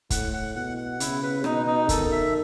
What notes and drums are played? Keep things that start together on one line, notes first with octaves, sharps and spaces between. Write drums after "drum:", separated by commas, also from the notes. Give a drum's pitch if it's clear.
A2 F#5, drum: kick, hi-hat
F#5
B2 F#5
F#5
C#3 E4, drum: hi-hat
B4
B2 D#4, drum: rim click
D#4
D#3 A4, drum: kick, hi-hat
E5